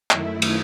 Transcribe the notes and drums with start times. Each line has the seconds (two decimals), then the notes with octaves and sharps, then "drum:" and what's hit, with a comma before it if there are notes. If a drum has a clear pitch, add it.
0.11 F#2 D#3 A3 E4, drum: clap
0.42 drum: cymbal